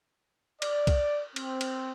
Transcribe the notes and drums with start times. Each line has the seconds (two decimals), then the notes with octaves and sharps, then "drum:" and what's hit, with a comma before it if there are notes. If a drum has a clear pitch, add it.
0.62 D5, drum: cymbal
0.87 drum: kick C2, cymbal
1.36 C4, drum: cymbal
1.61 drum: cymbal